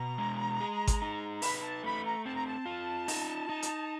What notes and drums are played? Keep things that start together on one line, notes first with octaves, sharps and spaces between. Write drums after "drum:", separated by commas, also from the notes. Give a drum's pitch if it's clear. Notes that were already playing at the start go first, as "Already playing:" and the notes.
Already playing: B2 A#5
G#3
G#4
drum: kick G#1, hi-hat
D#4
B4 B5, drum: open hi-hat
A5
A3 B5
A#5
C4 A5
A#5
A5
F4
D#4, drum: open hi-hat
D#4
drum: hi-hat